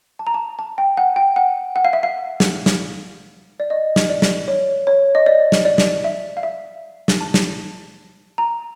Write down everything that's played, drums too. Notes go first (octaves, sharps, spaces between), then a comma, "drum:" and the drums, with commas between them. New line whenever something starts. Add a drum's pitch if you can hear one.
A5
A#5
A5
A5
G5
F#5
G5
F#5
F#5
F5
E5
F5
drum: snare
drum: snare
D5
D#5
drum: snare
D5
drum: snare
C#5
C#5
D#5
D5
drum: snare
D5
drum: snare
E5
F5
E5
drum: snare
A5
drum: snare
A#5